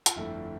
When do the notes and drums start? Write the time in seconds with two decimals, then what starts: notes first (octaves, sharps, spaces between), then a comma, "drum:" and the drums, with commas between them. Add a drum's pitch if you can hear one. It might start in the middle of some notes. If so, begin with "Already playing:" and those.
0.06 F4, drum: hi-hat
0.16 G1 F2 D3 A3 E4